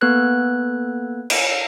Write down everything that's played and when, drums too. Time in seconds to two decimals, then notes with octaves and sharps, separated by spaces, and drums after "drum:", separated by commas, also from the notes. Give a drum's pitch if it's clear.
0.01 A#3 B3 A4 B4 F#6 G#6
1.30 drum: cymbal